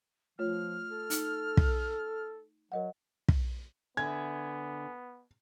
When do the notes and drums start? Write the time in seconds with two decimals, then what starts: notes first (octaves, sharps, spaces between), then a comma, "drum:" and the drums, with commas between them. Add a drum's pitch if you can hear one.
0.39 F3 A3 F4 C#5 F6
0.90 A4
1.10 D#4, drum: hi-hat
1.57 drum: kick
2.72 F#3 A#4 D#5 F#5
3.28 drum: kick
3.97 D3 B3 E5 G#5 G#6